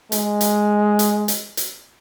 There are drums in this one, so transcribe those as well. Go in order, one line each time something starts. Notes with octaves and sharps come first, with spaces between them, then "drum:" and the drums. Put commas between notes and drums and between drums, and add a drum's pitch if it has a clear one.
G#3, drum: hi-hat
drum: hi-hat
drum: hi-hat
drum: hi-hat
drum: hi-hat